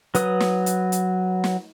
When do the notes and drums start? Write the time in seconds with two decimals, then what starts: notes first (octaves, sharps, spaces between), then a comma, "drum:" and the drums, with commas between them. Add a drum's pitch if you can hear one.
0.15 F#3 B4 D#6, drum: hi-hat
0.40 drum: snare
0.66 drum: hi-hat
0.92 drum: hi-hat
1.44 drum: snare